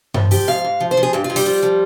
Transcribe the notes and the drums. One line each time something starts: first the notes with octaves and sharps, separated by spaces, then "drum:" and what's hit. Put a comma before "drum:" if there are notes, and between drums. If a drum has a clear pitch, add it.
F3, drum: tom G2
F3 G4, drum: open hi-hat
G#2 F5
G#2
F3
C5
F3
G#4
G2 G4
F4
G2
G3, drum: open hi-hat
F3
F3